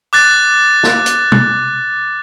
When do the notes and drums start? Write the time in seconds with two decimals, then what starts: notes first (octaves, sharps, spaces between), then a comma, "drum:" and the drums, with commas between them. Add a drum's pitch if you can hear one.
0.13 D6 F#6 A6
0.83 drum: snare
1.06 drum: hi-hat
1.32 drum: tom